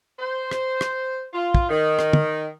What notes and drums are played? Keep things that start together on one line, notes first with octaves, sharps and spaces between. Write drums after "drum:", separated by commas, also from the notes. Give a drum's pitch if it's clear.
C5
drum: rim click
drum: rim click
F4
drum: kick
D#3
drum: rim click
drum: tom